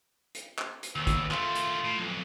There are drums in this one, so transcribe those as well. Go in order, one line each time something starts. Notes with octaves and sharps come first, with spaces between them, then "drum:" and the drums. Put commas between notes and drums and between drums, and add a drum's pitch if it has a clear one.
drum: hi-hat
drum: clap
drum: hi-hat
D#2 B3 E6
drum: kick, hi-hat
D#3 A3 F4, drum: clap
drum: hi-hat
A2
B1 F2